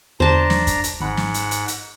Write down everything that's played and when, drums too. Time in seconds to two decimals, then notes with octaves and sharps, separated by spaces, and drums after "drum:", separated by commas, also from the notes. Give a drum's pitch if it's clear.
0.20 E2 D3 D4 C5 A5 A#5
0.50 drum: snare
0.67 drum: kick, hi-hat
0.84 drum: hi-hat
1.00 G#1 G#2 F#5 B5
1.17 drum: snare
1.34 drum: hi-hat
1.51 drum: hi-hat
1.68 drum: hi-hat